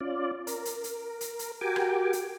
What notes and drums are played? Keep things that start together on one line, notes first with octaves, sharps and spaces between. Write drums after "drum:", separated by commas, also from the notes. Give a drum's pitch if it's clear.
C#4 F4 D5
A#4, drum: hi-hat
drum: hi-hat
drum: hi-hat
drum: hi-hat
drum: hi-hat
F#4 G4 A#4 G5 G#5 D6
drum: rim click
drum: hi-hat